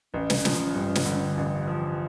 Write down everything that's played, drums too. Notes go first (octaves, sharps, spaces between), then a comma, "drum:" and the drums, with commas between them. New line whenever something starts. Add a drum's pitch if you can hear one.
A1 C#4
drum: snare
F3, drum: snare
G2
drum: snare
D3
A1
F3